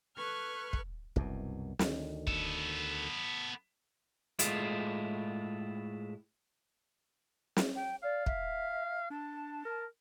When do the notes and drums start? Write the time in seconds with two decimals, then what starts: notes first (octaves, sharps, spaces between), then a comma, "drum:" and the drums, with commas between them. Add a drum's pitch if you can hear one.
0.16 A4 B4 C#6 F6 F#6 G#6
0.73 drum: kick
1.16 C2 F#2 B2, drum: kick
1.79 D2 D#3, drum: snare
2.27 B3 A4, drum: kick
4.39 A2 G#3 E4 F4, drum: hi-hat
7.57 drum: snare
7.75 G5
8.03 D5 F5
8.26 E5, drum: kick
9.11 D4 A5
9.65 A#4